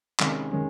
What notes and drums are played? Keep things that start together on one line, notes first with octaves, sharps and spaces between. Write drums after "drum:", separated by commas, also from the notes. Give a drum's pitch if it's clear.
C3 D#3 G#3 C#4, drum: clap
D#3 G#3 C#4